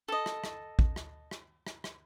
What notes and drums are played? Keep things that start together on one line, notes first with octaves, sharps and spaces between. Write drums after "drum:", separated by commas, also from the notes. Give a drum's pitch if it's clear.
A4 D#5
drum: rim click
drum: rim click
drum: kick
drum: rim click
drum: rim click
drum: rim click
drum: rim click